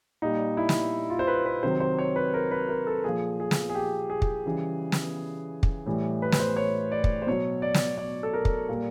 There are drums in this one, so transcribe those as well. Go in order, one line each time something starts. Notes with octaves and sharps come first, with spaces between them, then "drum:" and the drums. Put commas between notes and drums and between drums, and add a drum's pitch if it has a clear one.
A#2 G3 D#4
E4
drum: snare
F4
C5
B4
B4
C3 D#3 F#3 C5
C5
C#5
B4
A#4
B4
A#4
A4
A#2 F3 G#4
G#4
drum: snare
G#4
G4
G#4
drum: kick
C#3 E3 G3
drum: snare
drum: kick
A2 E3 G3
B4
B4, drum: snare
C5
C#5
D5
drum: kick
C5
B2 F#3 C#5
D5
drum: snare
D5
A4
A#4
drum: kick
A#2 G3